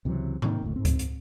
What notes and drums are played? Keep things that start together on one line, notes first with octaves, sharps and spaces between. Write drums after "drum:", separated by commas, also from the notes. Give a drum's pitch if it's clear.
C#2 C3 E3 F#3
C3 D#3 A#3, drum: tom G#2
F#1 D2 A2
G#2 C4
drum: kick C#2, hi-hat
drum: hi-hat